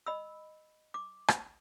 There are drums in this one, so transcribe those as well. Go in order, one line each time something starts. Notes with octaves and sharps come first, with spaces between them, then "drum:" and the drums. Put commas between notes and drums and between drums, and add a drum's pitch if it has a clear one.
D#5 B5 E6
D6
drum: rim click